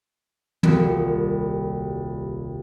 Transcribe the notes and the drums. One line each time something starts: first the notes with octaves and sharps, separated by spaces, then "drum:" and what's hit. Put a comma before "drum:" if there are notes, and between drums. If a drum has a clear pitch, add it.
D#1 C2 F#4, drum: tom